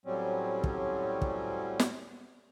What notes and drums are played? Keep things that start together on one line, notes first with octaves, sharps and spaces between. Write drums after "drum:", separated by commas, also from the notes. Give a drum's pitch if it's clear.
A2 F#3 G3 C4 C#4
drum: kick
drum: kick
drum: snare